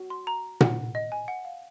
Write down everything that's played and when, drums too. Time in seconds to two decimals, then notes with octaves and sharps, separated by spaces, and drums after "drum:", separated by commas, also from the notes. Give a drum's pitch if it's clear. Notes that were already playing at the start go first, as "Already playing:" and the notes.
Already playing: F#4
0.10 C6
0.27 A#5
0.61 F#5, drum: tom A#2
0.95 D#5
1.12 G#5
1.28 F#5
1.45 F5